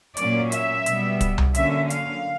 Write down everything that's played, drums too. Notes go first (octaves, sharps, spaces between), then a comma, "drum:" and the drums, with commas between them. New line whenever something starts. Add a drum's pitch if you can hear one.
A#2 F#3 A#3 C#4 D5, drum: hi-hat
E5, drum: hi-hat
B2 G3 B3, drum: hi-hat
drum: kick, hi-hat
drum: tom C2
D3 F#3 A#3 C#4 E5, drum: hi-hat
F5, drum: hi-hat